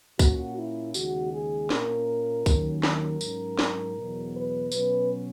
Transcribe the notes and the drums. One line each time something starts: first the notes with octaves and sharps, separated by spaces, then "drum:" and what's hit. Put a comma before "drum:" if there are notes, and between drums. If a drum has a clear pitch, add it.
A#2 A#3 C#4 F#4, drum: kick, tambourine
E4
D#2 C#3 G#3 F#4, drum: tambourine
G#4
A#2 A#3 C#4 A#4, drum: snare
D#2 D#3 F#3 C#4, drum: kick, tambourine
A#4, drum: snare
G#2 F#3 C#4, drum: tambourine
drum: snare
E2 B2 F#3
B4
B2 F#3 C#4 B4, drum: tambourine